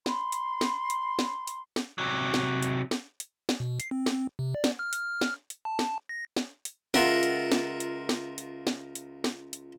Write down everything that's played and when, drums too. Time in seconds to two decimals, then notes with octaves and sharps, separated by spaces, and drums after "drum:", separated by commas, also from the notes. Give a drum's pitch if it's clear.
0.06 B5 C6, drum: snare
0.32 drum: hi-hat
0.61 drum: snare
0.90 drum: hi-hat
1.19 drum: snare
1.47 drum: hi-hat
1.76 drum: snare
1.98 C3 F#3
2.34 drum: snare
2.63 drum: hi-hat
2.91 drum: snare
3.20 drum: hi-hat
3.49 drum: snare
3.60 B2
3.80 C7, drum: hi-hat
3.91 C4
4.06 drum: snare
4.39 C3
4.55 D5
4.64 drum: snare
4.79 F6
4.93 drum: hi-hat
5.21 drum: snare
5.50 drum: hi-hat
5.65 A5
5.79 drum: snare
6.09 A#6
6.37 drum: snare
6.65 drum: hi-hat
6.94 C#2 F4 A#4 E5 F#5, drum: snare
7.23 drum: hi-hat
7.52 drum: snare
7.80 drum: hi-hat
8.09 drum: snare
8.38 drum: hi-hat
8.67 drum: snare
8.95 drum: hi-hat
9.24 drum: snare
9.53 drum: hi-hat